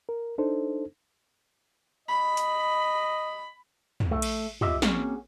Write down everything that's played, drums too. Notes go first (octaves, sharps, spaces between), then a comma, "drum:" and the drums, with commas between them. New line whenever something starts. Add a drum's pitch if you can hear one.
A#4
D4 D#4 A4 C5
D#5 B5
drum: hi-hat
drum: tom
A3
drum: cymbal
F4 G4 D#5 E5, drum: tom
A#3 C4 C#4 F#4 G#4 A#4, drum: snare